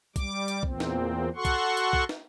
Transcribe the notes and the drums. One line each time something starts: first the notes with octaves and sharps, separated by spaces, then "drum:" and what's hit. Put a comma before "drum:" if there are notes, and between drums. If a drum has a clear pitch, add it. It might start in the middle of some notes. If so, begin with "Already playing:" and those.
G3 D6, drum: kick B1, hi-hat
drum: hi-hat
E2 A#2 C4, drum: kick B1
drum: snare
F#4 A4 F#5 C6 C#6
drum: kick B1, hi-hat
drum: hi-hat
drum: kick B1
drum: snare